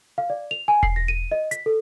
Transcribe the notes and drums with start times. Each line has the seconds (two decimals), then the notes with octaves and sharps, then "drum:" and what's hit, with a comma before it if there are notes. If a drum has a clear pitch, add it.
0.18 F5
0.30 D5
0.51 F7
0.68 G#5
0.83 C7, drum: kick E1
0.96 A#6
1.08 D#7
1.32 D#5
1.51 B6, drum: hi-hat
1.66 A4